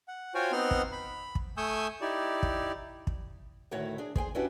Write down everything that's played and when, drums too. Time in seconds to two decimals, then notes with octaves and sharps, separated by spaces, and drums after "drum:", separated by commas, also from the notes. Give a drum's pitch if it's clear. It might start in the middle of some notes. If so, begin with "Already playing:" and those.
0.08 F#5
0.35 F4 F#4 C5 C#5 G5 G#5
0.52 B3 C4 D#4 F#5 C6 F6
0.71 drum: kick
0.92 B5
1.35 drum: kick
1.57 A3 G#5 C#6 D#6 E6 G6
2.01 D#4 E4 G4 D5
2.43 drum: kick
3.07 drum: kick
3.71 D2 A2 D#3 E4 F#4 C#5
3.98 D4 G#4
4.16 G#4 C5 G5 G#5, drum: kick
4.35 C#4 D4 E4 F#4 G4 B4